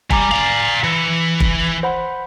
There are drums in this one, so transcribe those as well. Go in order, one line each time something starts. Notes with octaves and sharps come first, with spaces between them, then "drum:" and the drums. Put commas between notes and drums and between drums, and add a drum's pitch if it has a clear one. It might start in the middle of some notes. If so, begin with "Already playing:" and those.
G3 G#5 A#5 D6, drum: kick
D5 F5
E3 C#7
drum: kick
C5 F#5 B5